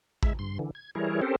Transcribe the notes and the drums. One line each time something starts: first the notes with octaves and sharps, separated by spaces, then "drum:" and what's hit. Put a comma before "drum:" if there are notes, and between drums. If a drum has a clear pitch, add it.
G#3 E5, drum: kick A1
G2 C6
D3 E3
G#6
E3 G3 E4 G#4 A#4 C#5
C4 C#4 G4 A4 A#4 C5